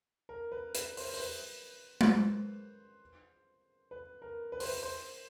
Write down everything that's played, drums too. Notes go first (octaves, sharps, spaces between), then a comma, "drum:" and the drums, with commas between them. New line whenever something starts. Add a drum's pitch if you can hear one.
A#4
B4
B4, drum: hi-hat
C5, drum: open hi-hat
C5, drum: open hi-hat
B4
B4, drum: tom G#3
C5
B4
A#4
B4
C5, drum: open hi-hat
B4
C5